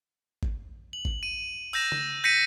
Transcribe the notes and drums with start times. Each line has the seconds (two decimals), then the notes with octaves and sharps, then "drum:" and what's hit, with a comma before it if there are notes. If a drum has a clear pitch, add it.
0.43 drum: kick G#1
0.93 F#7
1.05 drum: kick G#1
1.23 D#7
1.73 E6 G6 A#6 E7, drum: cymbal
1.92 drum: tom C#3
2.24 G6 A#6 B6 C#7 D#7